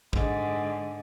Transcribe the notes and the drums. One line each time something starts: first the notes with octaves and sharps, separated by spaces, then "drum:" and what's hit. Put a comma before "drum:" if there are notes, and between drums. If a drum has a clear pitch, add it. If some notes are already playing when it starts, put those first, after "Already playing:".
G#2 D3, drum: kick